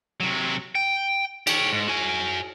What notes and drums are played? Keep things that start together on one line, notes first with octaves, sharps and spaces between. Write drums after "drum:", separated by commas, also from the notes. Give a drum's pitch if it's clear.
C3 F#3
G5
G4 C#5, drum: cymbal
G#2
F#4 G#5